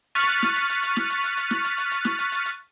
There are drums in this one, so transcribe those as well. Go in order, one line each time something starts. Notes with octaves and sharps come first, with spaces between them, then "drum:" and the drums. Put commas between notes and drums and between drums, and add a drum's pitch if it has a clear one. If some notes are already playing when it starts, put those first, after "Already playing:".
C#6 F6 F#6 A6 B6 D#7, drum: hi-hat
drum: hi-hat
drum: snare
drum: hi-hat
drum: hi-hat
drum: hi-hat
drum: snare
drum: hi-hat
drum: hi-hat
drum: hi-hat
drum: snare
drum: hi-hat
drum: hi-hat
drum: hi-hat
drum: snare
drum: hi-hat
drum: hi-hat
drum: hi-hat